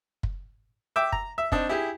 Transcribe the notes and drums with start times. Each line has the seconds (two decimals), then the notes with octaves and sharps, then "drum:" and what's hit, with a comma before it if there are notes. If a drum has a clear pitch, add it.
0.23 drum: kick
0.96 E5 G5 D6
1.12 A#5, drum: kick
1.38 E5
1.52 C4 D4 D#4, drum: kick
1.69 E4 G4 G#4